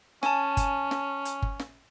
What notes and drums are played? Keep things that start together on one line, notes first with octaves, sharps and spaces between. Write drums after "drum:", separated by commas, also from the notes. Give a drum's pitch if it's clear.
C#4 G#5 A5, drum: snare
drum: kick G1, hi-hat
drum: snare
drum: hi-hat
drum: kick G1
drum: snare